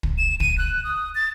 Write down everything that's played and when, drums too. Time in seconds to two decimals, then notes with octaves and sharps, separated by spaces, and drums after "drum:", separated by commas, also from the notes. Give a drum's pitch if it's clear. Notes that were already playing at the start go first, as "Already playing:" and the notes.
0.03 drum: kick
0.18 E7
0.40 D#7, drum: kick
0.58 F#6
0.84 D#6
1.15 A6